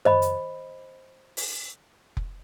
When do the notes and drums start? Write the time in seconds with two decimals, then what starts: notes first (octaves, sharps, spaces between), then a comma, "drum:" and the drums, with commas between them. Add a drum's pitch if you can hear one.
0.05 C5 D#5 B5, drum: tom F#2
0.22 drum: hi-hat
1.37 drum: open hi-hat
2.17 drum: kick F1